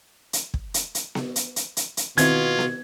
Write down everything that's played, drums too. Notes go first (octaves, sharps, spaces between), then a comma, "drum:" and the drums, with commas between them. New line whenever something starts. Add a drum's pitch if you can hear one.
drum: hi-hat
drum: kick
drum: hi-hat
drum: hi-hat
drum: snare B3
drum: hi-hat
drum: hi-hat
drum: hi-hat
drum: hi-hat
B2 D#3 C4 E4 F4 G#6, drum: hi-hat
drum: snare B3